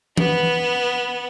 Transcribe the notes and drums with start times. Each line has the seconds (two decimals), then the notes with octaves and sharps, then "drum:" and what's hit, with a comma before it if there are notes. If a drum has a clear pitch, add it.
0.17 B3 B4, drum: tom E3